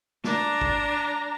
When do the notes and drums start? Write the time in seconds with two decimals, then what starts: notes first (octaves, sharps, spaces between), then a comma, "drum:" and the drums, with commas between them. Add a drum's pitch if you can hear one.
0.24 D4 A#5, drum: snare
0.61 drum: kick